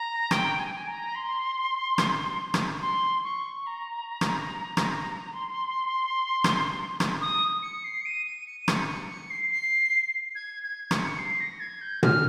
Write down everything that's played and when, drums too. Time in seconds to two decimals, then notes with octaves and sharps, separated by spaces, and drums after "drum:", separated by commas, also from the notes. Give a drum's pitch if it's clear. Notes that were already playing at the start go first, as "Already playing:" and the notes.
Already playing: A#5
0.31 G5, drum: rim click
0.59 G#5
0.87 A#5
1.15 C6
1.98 drum: rim click
2.54 drum: rim click
2.81 C6
3.23 C#6
3.66 A#5
4.21 drum: rim click
4.77 drum: rim click
5.33 C6
6.44 drum: rim click
7.00 drum: rim click
7.21 D#6
7.62 C#7
7.84 C7
8.01 C#7
8.05 D#7
8.26 D#7
8.47 C#7
8.59 D#7
8.68 C#7, drum: rim click
8.88 C#7
9.09 C#7
9.30 C7
9.51 C7
10.35 G#6
10.63 G#6
10.91 C#7, drum: rim click
11.19 C7
11.40 A#6
11.60 G#6
11.81 G6
12.03 F6, drum: tom